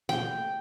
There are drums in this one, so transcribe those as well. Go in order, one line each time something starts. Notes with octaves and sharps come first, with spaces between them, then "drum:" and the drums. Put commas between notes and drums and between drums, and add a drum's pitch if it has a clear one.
G5, drum: snare